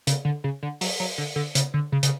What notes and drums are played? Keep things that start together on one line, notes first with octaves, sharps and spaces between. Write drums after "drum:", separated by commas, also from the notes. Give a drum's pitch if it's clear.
C#3, drum: hi-hat
D3
C#3
D3
F#3, drum: open hi-hat
F#3
D3
D3
C#3, drum: hi-hat
D3
C#3
C#3, drum: hi-hat